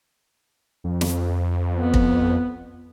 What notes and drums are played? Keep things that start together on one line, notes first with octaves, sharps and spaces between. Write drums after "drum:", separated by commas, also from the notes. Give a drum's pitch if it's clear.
F2
drum: snare
B3
drum: kick